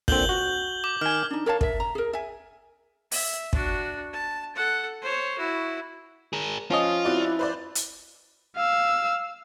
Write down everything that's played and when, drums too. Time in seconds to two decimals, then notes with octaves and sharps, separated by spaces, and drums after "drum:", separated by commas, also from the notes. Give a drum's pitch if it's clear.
0.08 A#2 D3 C4 G6 F#7 G7, drum: kick
0.29 F#4
0.84 D6
1.01 D#3 G#5 F6
1.31 D4 D#4
1.46 A#4 C#5 F5 A5
1.61 A#4 E5, drum: kick
1.80 A#5
1.95 G#4 A#4
2.13 E5 G#5
3.12 E5, drum: open hi-hat
3.53 D4 F#4, drum: kick
4.13 A5
4.56 A4 F#5
5.01 C5 C#5
5.38 E4 F#4
6.33 G#4 A#4
6.71 F3 C#4 F4 D#5
7.05 C4 E4 F#4 D5
7.39 B4 C5 D5
7.75 drum: hi-hat
8.56 F5 E6